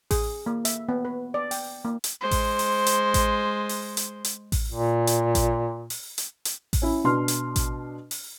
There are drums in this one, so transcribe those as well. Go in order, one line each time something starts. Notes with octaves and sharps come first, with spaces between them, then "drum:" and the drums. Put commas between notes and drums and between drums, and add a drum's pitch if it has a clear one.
G#4, drum: kick A1, open hi-hat
A#3
E5, drum: hi-hat
B3
B4
D5
G5, drum: open hi-hat
A#3
drum: hi-hat
G#3 C5
drum: kick A1, open hi-hat
drum: open hi-hat
drum: hi-hat
drum: kick A1, hi-hat
drum: open hi-hat
drum: hi-hat
drum: hi-hat
drum: kick A1, open hi-hat
A#2
drum: hi-hat
drum: kick A1, hi-hat
drum: open hi-hat
drum: hi-hat
drum: hi-hat
drum: kick A1, open hi-hat
C#4 E4
B2 D4 C6 F6
drum: hi-hat
drum: kick A1, hi-hat
drum: open hi-hat